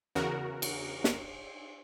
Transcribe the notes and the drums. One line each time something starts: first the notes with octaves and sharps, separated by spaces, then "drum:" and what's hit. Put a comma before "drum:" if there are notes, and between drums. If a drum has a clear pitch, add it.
E2 C#3 F#4 A#4
drum: cymbal
drum: snare